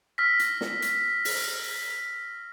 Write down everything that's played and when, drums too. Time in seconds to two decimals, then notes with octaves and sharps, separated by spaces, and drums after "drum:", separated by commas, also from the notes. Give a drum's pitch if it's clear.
0.18 E6 F6 A#6 B6
0.39 drum: hi-hat
0.61 drum: snare
0.82 drum: hi-hat
1.25 drum: open hi-hat